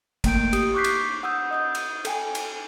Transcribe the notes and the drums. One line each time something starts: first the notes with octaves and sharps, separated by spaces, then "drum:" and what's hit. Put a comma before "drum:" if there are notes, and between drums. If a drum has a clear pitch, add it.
A3 A#3 G5 G6 D7, drum: kick, cymbal
G4 D#6, drum: cymbal
C#6 D6 F#6 G6 B6 C7
drum: cymbal
F#5 D#6 E6 G6
D#5 D#6 G6
drum: cymbal
A4 G5 G#5, drum: cymbal
drum: cymbal